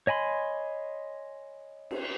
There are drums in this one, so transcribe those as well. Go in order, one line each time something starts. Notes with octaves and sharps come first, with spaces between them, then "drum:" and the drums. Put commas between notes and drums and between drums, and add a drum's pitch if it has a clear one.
C#5 D#5 G#5 B5 C6
drum: cymbal